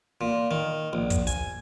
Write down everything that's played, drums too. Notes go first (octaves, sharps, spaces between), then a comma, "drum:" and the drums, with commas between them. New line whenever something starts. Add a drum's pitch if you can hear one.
A#2
D#3
A#1
drum: kick, hi-hat
G#5, drum: hi-hat